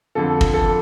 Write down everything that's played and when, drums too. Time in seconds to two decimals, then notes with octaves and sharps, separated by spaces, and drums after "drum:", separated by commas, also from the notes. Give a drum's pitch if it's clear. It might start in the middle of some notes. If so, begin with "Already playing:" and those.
0.15 F2 D3 F3 A4
0.41 drum: kick
0.54 A4